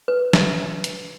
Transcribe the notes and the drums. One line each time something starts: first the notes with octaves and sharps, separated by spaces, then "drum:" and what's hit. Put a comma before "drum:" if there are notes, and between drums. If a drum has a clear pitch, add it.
B4
drum: snare
drum: hi-hat